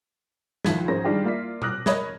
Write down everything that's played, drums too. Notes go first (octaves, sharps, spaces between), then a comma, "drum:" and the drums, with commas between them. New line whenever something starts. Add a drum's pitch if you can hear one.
C#2 D#3 F3 E4 G#6 B6, drum: snare
G#2 F3 C#4 G#4 C5 A#6
D#3 G3 G#3 D4 F4 G4
A#3 E4 F4 D5 B6
D6 D#6 F6 F#6 A#6, drum: tom A#2
A#4 C#5 D#5 B5 D#6 G#6, drum: snare